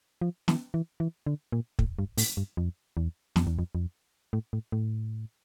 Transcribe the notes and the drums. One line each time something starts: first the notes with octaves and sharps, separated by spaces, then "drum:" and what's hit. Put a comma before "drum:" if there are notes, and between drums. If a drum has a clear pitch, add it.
F3
E3, drum: snare
E3
E3
D3
A#2
A2, drum: kick
G2
A2, drum: open hi-hat
G2
F2
E2
F2, drum: snare
E2
F2
F2
A2
A2
A2